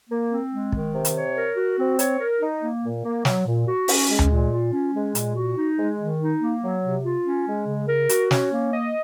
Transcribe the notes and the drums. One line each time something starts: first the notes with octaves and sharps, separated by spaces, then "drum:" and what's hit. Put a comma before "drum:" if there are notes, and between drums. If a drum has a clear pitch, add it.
A#3
C4
G#3
D#3, drum: kick
C3
drum: hi-hat
C#5
A#4
F#4
C4
C#5, drum: hi-hat
A#4
D#4
A#3
A#2
A#3
F#3, drum: snare
A#2
F#4
C#4, drum: open hi-hat
G#3
drum: tom D2
A#2
F4
C#4
G#3
A#2, drum: hi-hat
F#4
D#4
G#3
D#3
D#4
A#3
F#3
C3
F4
C#4
G#3
C#3
A#4
F#4, drum: hi-hat
C#4, drum: snare
A#3
D#5